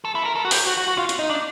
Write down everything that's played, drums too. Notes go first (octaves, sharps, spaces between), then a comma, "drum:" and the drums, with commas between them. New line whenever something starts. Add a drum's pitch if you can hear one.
A4
E4
A#4
A4
F#4
G4, drum: open hi-hat
F#4
F#4
F#4
F4
drum: hi-hat
D#4
D4